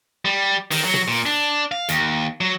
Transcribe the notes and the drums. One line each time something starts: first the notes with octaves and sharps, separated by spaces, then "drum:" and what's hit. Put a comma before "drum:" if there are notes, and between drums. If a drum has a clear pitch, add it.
G3
D#3, drum: open hi-hat
F#3
drum: tom
A#2
D4
F5
D#2, drum: hi-hat
F#3